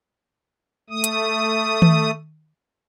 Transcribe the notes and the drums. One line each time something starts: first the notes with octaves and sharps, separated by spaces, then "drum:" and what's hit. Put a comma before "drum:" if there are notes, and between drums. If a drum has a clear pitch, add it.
A3 D#6
drum: hi-hat
drum: tom D#3